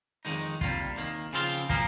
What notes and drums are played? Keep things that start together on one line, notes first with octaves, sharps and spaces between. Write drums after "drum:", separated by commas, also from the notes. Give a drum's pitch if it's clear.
F2 D#3 G#3 D#4, drum: open hi-hat
C3 G3 A#3 F4, drum: kick, hi-hat
D#2 D#3 A#3, drum: hi-hat
C#3 F3 C4 F4, drum: hi-hat
drum: hi-hat
A#2 F3 A#3, drum: kick, hi-hat